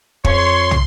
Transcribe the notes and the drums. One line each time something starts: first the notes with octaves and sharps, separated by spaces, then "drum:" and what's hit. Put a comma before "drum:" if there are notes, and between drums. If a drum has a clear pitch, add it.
F2 C#5 C6, drum: kick
drum: tom